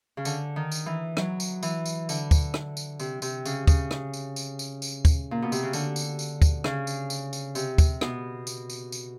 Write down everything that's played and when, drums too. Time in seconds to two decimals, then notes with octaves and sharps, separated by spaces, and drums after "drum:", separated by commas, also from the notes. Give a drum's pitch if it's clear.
0.17 C#3
0.25 D3, drum: tambourine
0.56 D#3
0.71 drum: tambourine
0.86 E3
1.17 F#3, drum: rim click
1.40 drum: tambourine
1.63 E3, drum: tambourine
1.85 drum: tambourine
2.09 D3, drum: tambourine
2.31 drum: kick D2, tambourine
2.54 drum: rim click
2.77 drum: tambourine
3.00 C3, drum: tambourine
3.22 C3, drum: tambourine
3.45 C#3, drum: tambourine
3.67 C#3, drum: kick D2, tambourine
3.91 drum: rim click
4.14 drum: tambourine
4.36 drum: tambourine
4.59 drum: tambourine
4.82 drum: tambourine
5.05 drum: kick D2, tambourine
5.31 A#2
5.42 B2
5.52 C3, drum: tambourine
5.63 C#3
5.73 D3, drum: tambourine
5.96 drum: tambourine
6.19 drum: tambourine
6.42 drum: kick D2, tambourine
6.64 C#3, drum: rim click
6.87 drum: tambourine
7.10 drum: tambourine
7.33 drum: tambourine
7.55 C3, drum: tambourine
7.78 drum: kick D2, tambourine
8.01 B2, drum: rim click
8.47 drum: tambourine
8.70 drum: tambourine
8.92 drum: tambourine